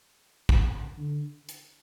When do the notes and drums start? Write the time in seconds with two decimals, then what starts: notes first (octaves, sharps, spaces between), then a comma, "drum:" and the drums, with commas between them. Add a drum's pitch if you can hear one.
0.49 drum: kick
0.99 D3
1.49 drum: hi-hat